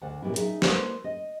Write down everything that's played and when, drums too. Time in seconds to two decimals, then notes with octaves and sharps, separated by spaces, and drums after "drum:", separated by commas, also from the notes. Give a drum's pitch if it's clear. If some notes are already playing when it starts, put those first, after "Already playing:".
0.01 D2 F#5 A5
0.22 A#2 F#3 G3 B3 E4
0.36 D#4 G#4 A4 E5, drum: hi-hat
0.62 A#3 E4 B4 C5, drum: snare
1.04 D#5